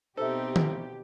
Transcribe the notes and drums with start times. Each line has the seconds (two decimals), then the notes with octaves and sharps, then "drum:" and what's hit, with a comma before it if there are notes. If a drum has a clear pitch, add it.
0.17 B2 C4 D#4 G4 A4 C5 E5
0.56 drum: tom D#3